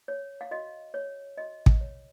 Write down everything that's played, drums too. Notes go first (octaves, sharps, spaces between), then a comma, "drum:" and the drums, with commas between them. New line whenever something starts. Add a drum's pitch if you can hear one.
C#5
F5
F#4 D#5
C#5
F#4 D#5
drum: kick
C#5